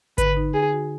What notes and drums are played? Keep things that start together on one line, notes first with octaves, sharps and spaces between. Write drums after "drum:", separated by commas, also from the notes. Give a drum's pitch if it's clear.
D3 B4, drum: kick G#1, hi-hat
D#4
D3 G#4
F#4